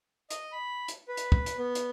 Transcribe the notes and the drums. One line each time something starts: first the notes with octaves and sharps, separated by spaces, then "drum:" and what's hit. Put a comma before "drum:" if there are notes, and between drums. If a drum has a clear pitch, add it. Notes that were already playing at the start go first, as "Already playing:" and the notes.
D#5, drum: hi-hat
B5
drum: hi-hat
B4
drum: hi-hat
drum: kick
drum: hi-hat
B3
drum: hi-hat